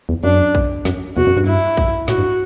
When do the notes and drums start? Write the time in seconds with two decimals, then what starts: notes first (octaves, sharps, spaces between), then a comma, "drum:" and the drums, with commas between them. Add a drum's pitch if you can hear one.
0.09 E2
0.24 F#2 D4
0.55 drum: kick A#1
0.85 F#2, drum: snare
1.17 E2 F#4, drum: tom B2
1.27 F#2
1.37 G2
1.47 E4
1.77 drum: kick A#1
2.08 A2 F#4, drum: snare
2.18 G2